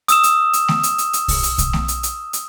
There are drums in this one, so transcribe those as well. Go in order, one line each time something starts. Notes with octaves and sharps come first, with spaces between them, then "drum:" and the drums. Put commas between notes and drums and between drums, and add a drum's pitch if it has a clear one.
D#6 E6 E7, drum: hi-hat
drum: hi-hat
drum: hi-hat
drum: snare A3
drum: hi-hat
drum: hi-hat
drum: hi-hat
drum: kick, open hi-hat
drum: hi-hat
drum: kick, hi-hat
drum: snare A3
drum: hi-hat
drum: hi-hat
drum: hi-hat